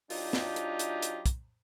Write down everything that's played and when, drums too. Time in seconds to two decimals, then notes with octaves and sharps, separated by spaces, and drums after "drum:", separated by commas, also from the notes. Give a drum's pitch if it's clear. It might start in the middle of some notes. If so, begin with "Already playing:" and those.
0.10 F#3 D4 D#4 F4 G4, drum: open hi-hat
0.33 drum: snare
0.56 drum: hi-hat
0.79 drum: hi-hat
1.02 drum: hi-hat
1.26 drum: kick, hi-hat